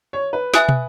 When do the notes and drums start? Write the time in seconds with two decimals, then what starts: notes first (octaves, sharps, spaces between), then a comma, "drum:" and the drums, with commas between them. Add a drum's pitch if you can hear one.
0.13 C#5
0.33 B4
0.54 E5 G#5 D#6 F#6, drum: snare
0.69 drum: tom